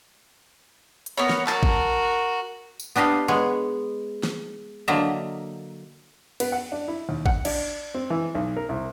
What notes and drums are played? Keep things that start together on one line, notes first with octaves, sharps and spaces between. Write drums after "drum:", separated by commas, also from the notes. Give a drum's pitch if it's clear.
drum: hi-hat
B3 A#4 C#5
drum: snare
F#4 A#4 A5, drum: clap
drum: kick A1
drum: tambourine
B3 D4 G4 D#5 F5
G#3 B3 C#5
drum: snare
D3 F#3 A#3 D#5 E5 A#5
B3, drum: cymbal
F#5
D4
E4
D#2
F#5, drum: kick A1
D4, drum: cymbal
C4
E3
B1
A#4
C2